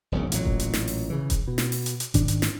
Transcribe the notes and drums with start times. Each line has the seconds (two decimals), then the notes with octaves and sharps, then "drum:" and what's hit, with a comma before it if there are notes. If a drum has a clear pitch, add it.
0.12 E1 B1 C#3
0.32 A1 A#2 D#3 F#3, drum: hi-hat
0.45 drum: kick E1
0.59 drum: hi-hat
0.74 drum: snare
0.88 drum: open hi-hat
1.10 C#3 E3
1.30 drum: kick E1, hi-hat
1.48 B2
1.58 drum: snare
1.72 drum: open hi-hat
1.86 drum: hi-hat
2.00 drum: hi-hat
2.14 G#2 D#3 D4, drum: kick E1, hi-hat
2.28 drum: hi-hat
2.42 drum: snare